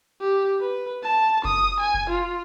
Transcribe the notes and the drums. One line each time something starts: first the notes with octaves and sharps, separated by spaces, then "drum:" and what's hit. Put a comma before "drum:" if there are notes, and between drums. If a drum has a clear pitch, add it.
G4
B4
A5
D#6, drum: kick F#1
G#5
drum: kick F#1
F4